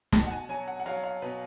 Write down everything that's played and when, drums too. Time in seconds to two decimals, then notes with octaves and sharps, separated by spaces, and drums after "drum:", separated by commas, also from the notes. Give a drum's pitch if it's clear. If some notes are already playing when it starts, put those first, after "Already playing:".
0.12 B2 A5, drum: snare
0.26 F#5
0.31 G#5
0.49 F#3 G#5
0.68 F#5
0.80 F#5
0.86 F#3 F5
1.03 F5
1.22 B2 B4